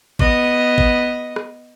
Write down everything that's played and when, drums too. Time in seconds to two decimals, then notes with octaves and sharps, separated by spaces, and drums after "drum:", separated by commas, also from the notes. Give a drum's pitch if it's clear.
0.19 B3 D#5, drum: kick G#1
0.78 drum: kick G#1
1.36 drum: rim click